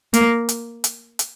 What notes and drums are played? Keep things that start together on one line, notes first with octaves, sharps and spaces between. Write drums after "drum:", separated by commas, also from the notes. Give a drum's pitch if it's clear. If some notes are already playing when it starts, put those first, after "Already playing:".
A#3, drum: hi-hat
drum: hi-hat
drum: hi-hat
drum: hi-hat